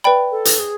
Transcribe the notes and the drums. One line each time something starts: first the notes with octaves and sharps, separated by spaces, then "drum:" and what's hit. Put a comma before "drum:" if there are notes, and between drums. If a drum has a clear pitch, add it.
B4 D5 G5 B5
A4
drum: hi-hat
G#4